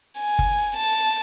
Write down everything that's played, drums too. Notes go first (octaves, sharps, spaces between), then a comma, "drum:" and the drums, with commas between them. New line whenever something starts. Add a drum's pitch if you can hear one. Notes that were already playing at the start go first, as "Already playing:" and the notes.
G#5
drum: kick
A5